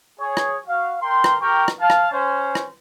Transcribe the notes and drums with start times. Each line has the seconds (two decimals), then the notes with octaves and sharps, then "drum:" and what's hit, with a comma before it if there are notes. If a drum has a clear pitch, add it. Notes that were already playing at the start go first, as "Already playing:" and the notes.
0.19 G#4 C#5
0.37 drum: rim click
0.67 F#4 F5
1.02 A#4 G5 C6
1.24 drum: rim click
1.41 G4 A#4 G5 C#6
1.68 drum: rim click
1.80 F5 A5
1.90 drum: rim click
2.12 C#4 C5
2.55 drum: rim click